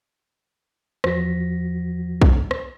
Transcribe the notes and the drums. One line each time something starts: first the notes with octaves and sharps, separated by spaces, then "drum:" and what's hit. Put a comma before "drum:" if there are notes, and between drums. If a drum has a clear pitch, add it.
E2 F3 F#4 A#6 B6, drum: rim click
drum: kick
drum: rim click